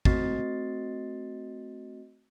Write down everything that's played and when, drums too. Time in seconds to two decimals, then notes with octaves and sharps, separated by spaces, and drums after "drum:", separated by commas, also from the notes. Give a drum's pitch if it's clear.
0.05 A3 C4 F#4 D#5 A6 C7, drum: kick